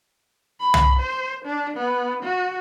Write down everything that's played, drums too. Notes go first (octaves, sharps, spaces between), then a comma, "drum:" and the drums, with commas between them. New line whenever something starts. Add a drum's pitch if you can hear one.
B5
drum: tom
C5
D4
B3
F#4